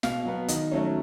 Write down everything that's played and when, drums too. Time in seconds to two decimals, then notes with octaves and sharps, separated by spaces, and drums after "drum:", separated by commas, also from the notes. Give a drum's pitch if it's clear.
0.03 B2 F5, drum: snare
0.25 F#3 B3
0.48 D#3 D#5, drum: hi-hat
0.72 F#3 A3 C#4